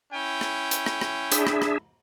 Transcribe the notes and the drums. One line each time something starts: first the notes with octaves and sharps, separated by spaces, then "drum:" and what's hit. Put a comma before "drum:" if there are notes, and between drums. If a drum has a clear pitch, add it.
C#4 E4 G5
drum: rim click
drum: hi-hat
drum: rim click
drum: rim click
D4 G#4 E5, drum: hi-hat
drum: rim click
drum: rim click